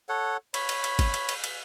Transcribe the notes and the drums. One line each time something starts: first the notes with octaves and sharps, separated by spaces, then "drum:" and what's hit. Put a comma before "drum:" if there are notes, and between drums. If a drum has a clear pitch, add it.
A4 C#5 F#5
C#5 B5, drum: cymbal
drum: cymbal
drum: cymbal
drum: kick, cymbal
drum: cymbal
drum: cymbal
drum: cymbal